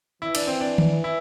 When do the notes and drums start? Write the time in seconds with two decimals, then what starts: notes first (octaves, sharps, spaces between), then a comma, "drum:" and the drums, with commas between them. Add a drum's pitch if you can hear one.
0.22 E3 E4
0.35 D4, drum: cymbal
0.47 C4
0.60 D4
0.78 drum: tom D#3
1.04 E4